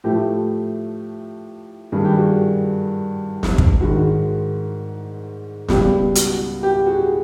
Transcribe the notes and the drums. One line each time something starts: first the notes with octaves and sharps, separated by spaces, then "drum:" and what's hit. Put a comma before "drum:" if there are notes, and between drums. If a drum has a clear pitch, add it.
A2 F3 A3 G4
G2 D#3 G3 G#4
G4
F#4 G#4
drum: snare
drum: kick
G#2 D#3 G#3 F#4
C#2 B2 G3 G4, drum: snare
F#4, drum: hi-hat
G4
F#4 G#4